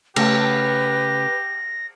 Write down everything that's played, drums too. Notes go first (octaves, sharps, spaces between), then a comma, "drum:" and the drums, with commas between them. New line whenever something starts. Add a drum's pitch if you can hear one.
C#3 A3 G4 B4 A#6, drum: cymbal